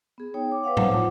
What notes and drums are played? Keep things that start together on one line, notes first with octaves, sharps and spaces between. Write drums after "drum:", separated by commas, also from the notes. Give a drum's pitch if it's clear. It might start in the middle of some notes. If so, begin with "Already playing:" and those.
B3 G#4
D#4 C#5 G5
D6
B4 C#5 F5 F#5
D#4 C5 F#5 D6, drum: tom A2
F4